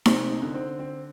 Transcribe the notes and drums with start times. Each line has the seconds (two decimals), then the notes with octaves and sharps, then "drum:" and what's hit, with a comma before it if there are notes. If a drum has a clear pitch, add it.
0.06 C3 C4, drum: snare D#4
0.30 D#4
0.42 D3
0.54 C4
0.79 C4